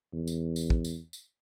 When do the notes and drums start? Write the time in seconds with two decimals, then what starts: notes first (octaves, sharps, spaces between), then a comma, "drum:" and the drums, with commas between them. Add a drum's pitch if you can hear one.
0.13 E2
0.27 drum: tambourine
0.56 drum: tambourine
0.70 drum: kick
0.85 drum: tambourine
1.13 drum: tambourine